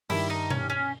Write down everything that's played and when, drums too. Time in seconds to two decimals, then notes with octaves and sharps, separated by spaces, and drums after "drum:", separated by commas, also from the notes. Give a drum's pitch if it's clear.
0.09 G2 D#3 G3 E4, drum: cymbal
0.30 D#4
0.50 C#4, drum: tom B2
0.70 C#4